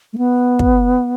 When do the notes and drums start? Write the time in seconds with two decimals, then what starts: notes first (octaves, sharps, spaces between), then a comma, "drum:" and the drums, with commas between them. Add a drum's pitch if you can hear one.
0.13 A3
0.18 B3
0.59 drum: kick